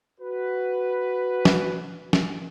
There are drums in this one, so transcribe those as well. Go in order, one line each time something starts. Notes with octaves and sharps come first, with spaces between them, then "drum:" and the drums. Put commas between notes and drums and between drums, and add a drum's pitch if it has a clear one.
F#4 B4
drum: snare
drum: snare